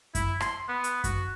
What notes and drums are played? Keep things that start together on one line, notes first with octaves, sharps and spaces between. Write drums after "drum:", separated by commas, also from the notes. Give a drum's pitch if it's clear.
E4, drum: kick F#2, hi-hat
C6, drum: rim click
B3
drum: hi-hat
F#4, drum: kick F#2, hi-hat